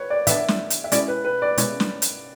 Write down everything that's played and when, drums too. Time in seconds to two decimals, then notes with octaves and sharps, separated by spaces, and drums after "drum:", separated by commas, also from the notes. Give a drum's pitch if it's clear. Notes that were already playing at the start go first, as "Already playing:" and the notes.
Already playing: B4 C#5
0.10 D5
0.27 A2 E3 B3 D4 E5, drum: hi-hat
0.48 drum: snare
0.70 drum: hi-hat
0.84 E5
0.92 B2 G#3 C#4 E4 D5, drum: hi-hat
1.08 B4
1.24 B4
1.42 D5
1.58 B2 G#3 C#4 E4, drum: hi-hat
1.80 drum: snare
2.02 drum: hi-hat